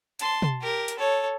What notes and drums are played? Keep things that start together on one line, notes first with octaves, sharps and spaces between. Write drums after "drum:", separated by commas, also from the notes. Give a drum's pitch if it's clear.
A5 C6, drum: hi-hat
drum: tom
G4 A#4
drum: hi-hat
A4 C#5